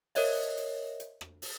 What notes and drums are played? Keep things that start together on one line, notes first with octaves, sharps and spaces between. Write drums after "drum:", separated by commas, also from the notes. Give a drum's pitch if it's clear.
A#4 C5 C#5 D#5 E5, drum: open hi-hat
drum: hi-hat
drum: hi-hat
drum: rim click
drum: open hi-hat